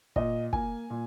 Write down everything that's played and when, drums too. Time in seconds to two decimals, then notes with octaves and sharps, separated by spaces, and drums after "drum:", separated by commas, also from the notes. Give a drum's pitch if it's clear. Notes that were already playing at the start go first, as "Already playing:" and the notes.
0.16 A#2 D#5, drum: kick
0.53 A#3 G#5, drum: kick
0.90 A#2